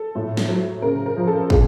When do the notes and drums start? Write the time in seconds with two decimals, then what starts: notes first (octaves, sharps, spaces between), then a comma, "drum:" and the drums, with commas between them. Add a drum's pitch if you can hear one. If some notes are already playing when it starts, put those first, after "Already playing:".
Already playing: A4
0.15 A2
0.37 drum: snare
0.48 F#3
0.82 C#3 A#4
1.06 A#4
1.17 F3
1.27 A4
1.50 A#2 G#4, drum: kick